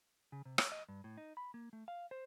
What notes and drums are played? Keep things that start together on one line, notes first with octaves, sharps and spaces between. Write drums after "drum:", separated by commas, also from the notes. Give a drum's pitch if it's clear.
C#3
C3
C#5, drum: rim click
D#5
G2
A2
D#4
B5
A#3
A3
F5
C5